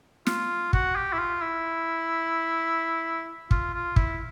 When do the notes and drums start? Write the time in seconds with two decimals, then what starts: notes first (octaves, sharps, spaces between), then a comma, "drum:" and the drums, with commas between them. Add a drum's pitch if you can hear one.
0.27 F4, drum: snare
0.73 F#4, drum: kick
0.96 G4
1.13 E4
1.19 F4
1.42 E4
3.51 F4, drum: kick
3.74 F4
3.96 E4, drum: kick